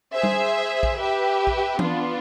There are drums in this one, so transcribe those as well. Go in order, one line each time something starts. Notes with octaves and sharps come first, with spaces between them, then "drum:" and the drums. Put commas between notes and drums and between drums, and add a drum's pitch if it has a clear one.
G#4 C5 E5
drum: tom G3
drum: kick A#1
G4 B4 E5
drum: kick A#1
B3 D4 F4, drum: tom E3